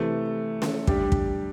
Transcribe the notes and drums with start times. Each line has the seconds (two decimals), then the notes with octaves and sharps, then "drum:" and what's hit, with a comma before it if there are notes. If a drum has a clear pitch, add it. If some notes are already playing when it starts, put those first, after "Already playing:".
Already playing: C3 E3 A3
0.62 drum: snare
0.87 G3 D4 G4, drum: kick
1.12 drum: kick